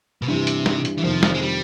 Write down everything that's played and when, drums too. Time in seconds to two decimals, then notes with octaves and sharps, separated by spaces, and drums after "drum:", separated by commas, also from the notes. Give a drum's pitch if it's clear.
0.22 B2
0.28 G2 C3 E3 G3
0.47 drum: hi-hat
0.66 drum: snare
0.85 drum: hi-hat
0.98 E3
1.04 F2 C3 D#3 F3
1.23 drum: snare
1.34 G#3
1.42 G3